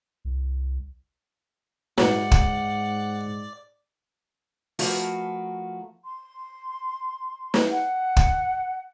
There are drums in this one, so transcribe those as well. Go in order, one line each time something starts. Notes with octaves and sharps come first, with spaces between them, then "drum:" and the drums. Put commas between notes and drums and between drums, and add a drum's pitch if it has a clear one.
C2
G#2 F#3 D5 F#5, drum: snare
drum: kick
F3 A3 F4 F#4 A#4 B4, drum: open hi-hat
C6
drum: snare
F#5
drum: kick